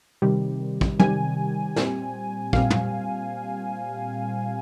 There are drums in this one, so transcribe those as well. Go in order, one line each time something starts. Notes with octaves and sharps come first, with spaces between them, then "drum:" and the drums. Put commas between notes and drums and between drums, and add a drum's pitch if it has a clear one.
C3 D#3 G3
drum: kick
C3 D#3 G3 G#5, drum: tom
A#2 G3 C4, drum: snare
A#2 G3 C4 F5, drum: kick
drum: tom